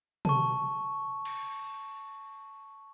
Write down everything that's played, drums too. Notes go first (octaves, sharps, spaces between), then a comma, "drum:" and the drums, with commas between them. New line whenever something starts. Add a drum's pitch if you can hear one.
A5 C#6, drum: tom
drum: cymbal